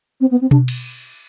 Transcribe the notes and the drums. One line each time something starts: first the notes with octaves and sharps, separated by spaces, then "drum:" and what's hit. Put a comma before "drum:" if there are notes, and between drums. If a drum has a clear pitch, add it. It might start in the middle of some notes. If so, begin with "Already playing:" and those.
C4
B3
C4
D4, drum: tom B2
drum: cymbal